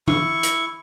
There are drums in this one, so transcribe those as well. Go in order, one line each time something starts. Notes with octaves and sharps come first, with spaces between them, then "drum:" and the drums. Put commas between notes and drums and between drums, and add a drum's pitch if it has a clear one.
E4 C#6, drum: tom
drum: hi-hat